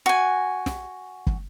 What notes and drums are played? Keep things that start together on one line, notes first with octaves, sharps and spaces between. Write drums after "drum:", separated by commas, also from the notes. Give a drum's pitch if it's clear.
F#4 G#5
drum: snare
drum: kick